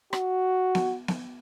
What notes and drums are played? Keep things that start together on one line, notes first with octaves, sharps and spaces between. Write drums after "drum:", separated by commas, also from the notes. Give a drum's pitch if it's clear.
F#4, drum: rim click
drum: snare B3
drum: snare B3